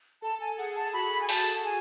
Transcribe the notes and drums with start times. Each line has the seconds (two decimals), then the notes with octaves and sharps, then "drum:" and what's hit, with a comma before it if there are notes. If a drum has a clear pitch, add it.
0.22 A4 A5
0.40 G#5
0.58 G#4 F#5
0.76 A5
0.93 F#4 B5
1.21 G#5
1.29 A5, drum: open hi-hat
1.65 G#5